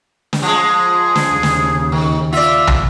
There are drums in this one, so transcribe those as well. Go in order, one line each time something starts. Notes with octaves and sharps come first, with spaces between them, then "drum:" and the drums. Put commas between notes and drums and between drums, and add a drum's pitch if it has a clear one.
drum: snare
F3 G#3 G#4
drum: snare
D#2 C#3
drum: snare
D#3
F4 D5 E5
drum: tom